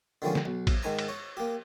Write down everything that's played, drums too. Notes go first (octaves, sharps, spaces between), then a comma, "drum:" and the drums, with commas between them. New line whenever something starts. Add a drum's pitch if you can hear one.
D3 D#3 F3 G3 G#3 C#4
drum: snare
B1
drum: kick A1, cymbal
G#2 D#3 G#5 A#5
drum: cymbal
C#5
A#3 G4